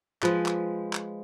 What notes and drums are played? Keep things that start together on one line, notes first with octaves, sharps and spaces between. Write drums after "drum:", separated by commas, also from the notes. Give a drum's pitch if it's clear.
F3 G#3 B4, drum: clap
drum: clap
drum: clap